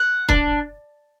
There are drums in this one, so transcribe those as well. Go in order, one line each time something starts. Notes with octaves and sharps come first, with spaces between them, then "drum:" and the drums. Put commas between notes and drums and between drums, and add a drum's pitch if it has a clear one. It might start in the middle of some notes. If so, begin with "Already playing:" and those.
Already playing: F#5
D4, drum: kick